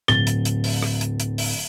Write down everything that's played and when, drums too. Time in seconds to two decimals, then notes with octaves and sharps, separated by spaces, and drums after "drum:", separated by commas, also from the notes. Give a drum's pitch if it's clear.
0.08 D1 A6 G7, drum: rim click
0.27 drum: hi-hat
0.45 drum: hi-hat
0.64 drum: open hi-hat
0.83 drum: rim click
1.01 drum: hi-hat
1.20 drum: hi-hat
1.38 drum: open hi-hat